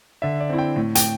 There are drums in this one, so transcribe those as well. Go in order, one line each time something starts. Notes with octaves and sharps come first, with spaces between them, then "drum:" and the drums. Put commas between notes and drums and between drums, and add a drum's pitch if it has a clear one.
D3 E5
D5
C4 E4
G5
A2
G5, drum: hi-hat